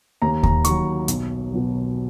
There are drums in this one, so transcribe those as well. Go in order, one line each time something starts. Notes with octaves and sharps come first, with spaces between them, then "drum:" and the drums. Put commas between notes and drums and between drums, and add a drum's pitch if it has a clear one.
D#2 A#5
A#5, drum: kick D#2
D#3 F#3 C#6, drum: hi-hat
B1, drum: hi-hat
B2 F#3